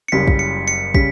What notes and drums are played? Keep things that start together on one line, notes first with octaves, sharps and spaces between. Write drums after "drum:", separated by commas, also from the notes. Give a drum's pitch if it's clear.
C#7
F#1 F#2 C#3 G3 B6
drum: kick
C#7
C#7
C#3 G3 B6, drum: kick